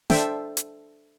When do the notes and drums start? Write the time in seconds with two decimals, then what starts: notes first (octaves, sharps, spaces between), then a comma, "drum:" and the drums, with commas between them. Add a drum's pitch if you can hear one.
0.10 D4 A4 C5 E5 G5 A5, drum: snare
0.57 drum: hi-hat